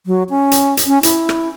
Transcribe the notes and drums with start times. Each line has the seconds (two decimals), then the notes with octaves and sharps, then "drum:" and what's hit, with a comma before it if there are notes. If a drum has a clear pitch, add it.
0.06 F#3
0.30 C#4
0.51 drum: hi-hat
0.77 drum: hi-hat
0.87 C#4
1.03 E4, drum: hi-hat
1.29 drum: rim click